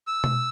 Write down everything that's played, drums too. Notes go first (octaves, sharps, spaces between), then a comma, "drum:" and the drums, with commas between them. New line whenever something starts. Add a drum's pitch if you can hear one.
E6
drum: tom B2